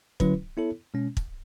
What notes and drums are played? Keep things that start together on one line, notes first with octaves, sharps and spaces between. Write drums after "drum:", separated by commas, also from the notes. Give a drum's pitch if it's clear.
D3 F#3 C#4 E4 B4, drum: kick
B3 E4 A4 C#5
B2 G#3 C#4
drum: kick